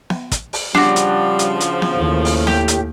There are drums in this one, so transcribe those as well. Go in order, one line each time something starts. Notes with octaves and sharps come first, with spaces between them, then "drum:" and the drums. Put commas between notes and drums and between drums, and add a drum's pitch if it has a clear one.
drum: snare B3
drum: kick, hi-hat
drum: open hi-hat
C#3 F3 G3 D4 F#4, drum: snare B3
drum: hi-hat
drum: hi-hat
drum: hi-hat
drum: snare B3
D#2 A2 D#3
drum: open hi-hat
G4, drum: snare B3
drum: hi-hat